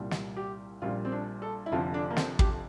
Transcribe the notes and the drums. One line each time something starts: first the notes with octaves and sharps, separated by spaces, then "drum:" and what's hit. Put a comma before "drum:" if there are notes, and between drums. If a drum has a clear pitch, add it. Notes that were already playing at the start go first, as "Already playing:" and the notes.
Already playing: C2 A#2 G3
drum: snare
G4
A#1 A#2 G3 F4
C4
D4
A4
E4
F1 F2 D3 F3 F4
D4
A#3
C4, drum: snare
G4, drum: kick